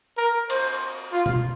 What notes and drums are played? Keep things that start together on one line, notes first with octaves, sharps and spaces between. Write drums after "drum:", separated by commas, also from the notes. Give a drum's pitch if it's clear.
A#4
C5, drum: cymbal
F4
drum: tom B2